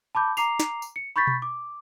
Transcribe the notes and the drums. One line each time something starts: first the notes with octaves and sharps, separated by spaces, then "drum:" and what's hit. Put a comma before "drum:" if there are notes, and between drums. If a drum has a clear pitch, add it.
A5 B5 D6 G6
A#5 D6 C7 F7, drum: tambourine
drum: snare
drum: tambourine
C#7
B5 C#6 G6 A6 B6
drum: tom B2
D6